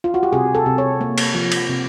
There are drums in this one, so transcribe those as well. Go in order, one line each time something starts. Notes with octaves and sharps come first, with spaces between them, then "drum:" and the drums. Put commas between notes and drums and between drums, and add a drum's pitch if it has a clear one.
F4
F#4
G4
C3 G#4
A4
C3
C#5
A#3
drum: cymbal
F3
drum: cymbal
C3